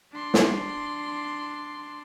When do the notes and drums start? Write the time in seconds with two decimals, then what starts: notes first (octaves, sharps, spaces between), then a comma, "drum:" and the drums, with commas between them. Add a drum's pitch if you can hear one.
0.12 D4 C6
0.34 drum: snare